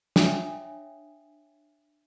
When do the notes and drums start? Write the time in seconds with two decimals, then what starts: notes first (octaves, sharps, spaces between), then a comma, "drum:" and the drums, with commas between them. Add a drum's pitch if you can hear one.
0.16 D4 C#5 E5 G5 G#5 D#6, drum: snare